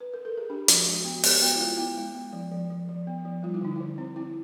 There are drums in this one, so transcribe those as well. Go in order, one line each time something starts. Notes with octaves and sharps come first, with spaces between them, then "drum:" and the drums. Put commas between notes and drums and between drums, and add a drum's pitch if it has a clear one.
B4
A#4
A4
G#4
D4 G4
F3 F#4, drum: hi-hat
G#3 F#4
B3 F#4
B3 G4, drum: open hi-hat
B3 F#4
E4
G#3 F4
B3 E4
G#3
B3
F3
F3
F3
F3
B3
F3
G3 F4
E4
D3 D#4
D3 E4
C4
C4 E4